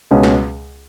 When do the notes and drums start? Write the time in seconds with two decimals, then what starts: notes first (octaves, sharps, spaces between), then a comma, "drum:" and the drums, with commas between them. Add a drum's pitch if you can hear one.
0.11 C#2 B2 G#3 C#4
0.23 drum: snare